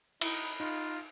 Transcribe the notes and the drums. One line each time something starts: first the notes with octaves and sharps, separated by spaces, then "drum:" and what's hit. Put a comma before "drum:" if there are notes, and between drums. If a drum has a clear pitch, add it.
D#4 E4 B5, drum: cymbal
D#4 F4